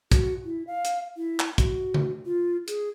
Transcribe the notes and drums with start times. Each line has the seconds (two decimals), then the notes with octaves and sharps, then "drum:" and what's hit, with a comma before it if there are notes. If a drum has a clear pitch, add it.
0.12 F#4, drum: kick, hi-hat
0.45 E4
0.67 F5
0.85 drum: hi-hat
1.17 E4
1.40 drum: clap
1.58 F#4, drum: kick, hi-hat
1.94 drum: tom C#3
2.26 F4
2.68 G#4, drum: hi-hat